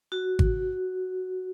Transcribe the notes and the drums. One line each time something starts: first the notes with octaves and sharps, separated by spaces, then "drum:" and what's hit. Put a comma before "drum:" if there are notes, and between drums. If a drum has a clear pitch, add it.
F#4
drum: kick G#1